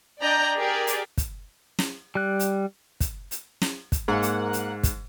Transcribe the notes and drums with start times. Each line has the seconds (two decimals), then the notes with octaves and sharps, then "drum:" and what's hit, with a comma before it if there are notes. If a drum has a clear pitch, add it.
0.21 D4 D5 D#5 G5 A#5 G6
0.57 G4 G#4 A#4 D5
0.87 drum: hi-hat
1.18 drum: kick, hi-hat
1.79 drum: snare
2.15 G3 F#6
2.40 drum: hi-hat
3.01 drum: kick, hi-hat
3.31 drum: hi-hat
3.62 drum: snare
3.92 drum: kick, hi-hat
4.08 G#2 A#3 F#5
4.23 drum: hi-hat
4.53 drum: hi-hat
4.84 drum: kick, hi-hat